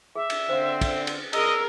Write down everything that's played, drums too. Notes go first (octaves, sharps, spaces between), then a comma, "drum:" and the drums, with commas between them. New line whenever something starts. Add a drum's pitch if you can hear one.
G#4 E5
drum: cymbal
D3 C4 C5 F5
drum: kick, cymbal
drum: cymbal
G#4 A#4 D#5 E6, drum: cymbal